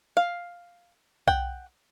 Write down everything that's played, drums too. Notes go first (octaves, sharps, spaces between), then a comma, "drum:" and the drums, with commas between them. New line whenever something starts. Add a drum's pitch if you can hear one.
F5
F#5 G5, drum: kick B1